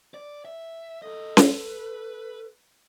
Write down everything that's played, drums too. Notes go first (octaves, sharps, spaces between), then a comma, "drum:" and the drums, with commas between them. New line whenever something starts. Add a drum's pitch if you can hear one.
D5
E5
A2 A4 D#5
B4, drum: snare C#4